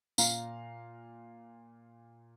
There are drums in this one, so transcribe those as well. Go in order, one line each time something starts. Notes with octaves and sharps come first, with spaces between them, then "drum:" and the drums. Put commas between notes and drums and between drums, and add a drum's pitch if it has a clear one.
A#2 F5 A#5, drum: tambourine